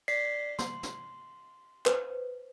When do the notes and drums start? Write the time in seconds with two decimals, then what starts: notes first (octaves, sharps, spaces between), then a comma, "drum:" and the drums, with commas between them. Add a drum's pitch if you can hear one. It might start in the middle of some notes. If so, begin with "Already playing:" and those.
0.08 D5 B6 C7, drum: cymbal
0.59 C6, drum: snare
0.83 drum: snare
1.86 B4 C5, drum: clap